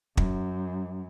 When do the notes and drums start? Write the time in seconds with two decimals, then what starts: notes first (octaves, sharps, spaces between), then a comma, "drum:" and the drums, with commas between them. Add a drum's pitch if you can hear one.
0.17 F#2, drum: kick